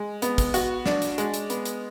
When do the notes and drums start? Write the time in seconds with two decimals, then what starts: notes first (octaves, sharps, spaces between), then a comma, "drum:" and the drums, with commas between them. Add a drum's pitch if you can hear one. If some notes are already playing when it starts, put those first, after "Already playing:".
Already playing: G#3
0.22 B3, drum: hi-hat
0.38 drum: kick, hi-hat
0.54 F#4, drum: hi-hat
0.86 D4, drum: snare
1.02 drum: hi-hat
1.18 G#3, drum: hi-hat
1.34 drum: hi-hat
1.50 B3, drum: hi-hat
1.65 drum: hi-hat